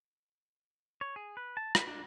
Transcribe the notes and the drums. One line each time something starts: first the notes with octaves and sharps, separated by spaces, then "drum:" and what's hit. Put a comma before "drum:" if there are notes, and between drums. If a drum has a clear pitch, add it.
C#5
G#4
B4
A5
B4, drum: rim click
D4